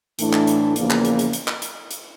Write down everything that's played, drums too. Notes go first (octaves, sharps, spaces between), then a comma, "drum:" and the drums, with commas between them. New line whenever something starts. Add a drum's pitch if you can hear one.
A2 E3 A3 D4, drum: hi-hat
drum: clap
drum: hi-hat
E2 C#3 F3 A#3, drum: hi-hat
drum: clap
drum: hi-hat
drum: hi-hat
drum: hi-hat
drum: clap
drum: hi-hat
drum: hi-hat